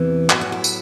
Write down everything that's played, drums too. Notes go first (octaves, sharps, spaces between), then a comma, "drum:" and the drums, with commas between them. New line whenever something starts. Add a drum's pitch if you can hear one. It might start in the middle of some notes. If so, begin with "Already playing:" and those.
Already playing: E2 C3 E3
A2 F#3 F#4, drum: clap
F#4
E4
drum: tambourine